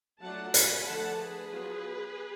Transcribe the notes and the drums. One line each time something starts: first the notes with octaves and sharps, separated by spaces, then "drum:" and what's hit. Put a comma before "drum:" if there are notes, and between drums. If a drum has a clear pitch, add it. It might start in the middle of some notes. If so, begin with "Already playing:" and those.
F#3 A3 D4 F4 F#5 A5
G#5 B5, drum: hi-hat
D3 F3 A3 F#5 A5
G#4 B4
F#3 B3 F4